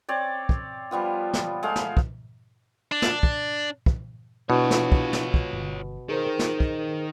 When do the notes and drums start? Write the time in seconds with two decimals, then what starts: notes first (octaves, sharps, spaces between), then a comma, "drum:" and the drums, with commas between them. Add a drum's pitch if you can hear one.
0.09 C4 C#5 D5
0.49 drum: kick
0.91 F3 G3 B3 F4
1.33 drum: snare
1.63 G#3 A3 F5
1.76 drum: snare
1.97 drum: kick
2.92 D4
3.02 drum: snare
3.23 drum: kick
3.86 drum: kick
4.50 B2 D4 E4 F4 C#5
4.71 drum: snare
4.92 drum: kick
5.13 drum: snare
5.34 drum: kick
5.53 G1
6.09 D#3 G#4 A#4 C5
6.39 drum: snare
6.60 drum: kick